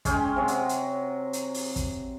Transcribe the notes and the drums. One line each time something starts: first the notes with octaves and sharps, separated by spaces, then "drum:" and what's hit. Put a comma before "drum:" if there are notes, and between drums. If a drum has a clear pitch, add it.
G#3 C#4 G5 G#5, drum: kick, hi-hat
C3 F#3
drum: hi-hat
drum: hi-hat
drum: hi-hat
drum: open hi-hat
drum: kick, hi-hat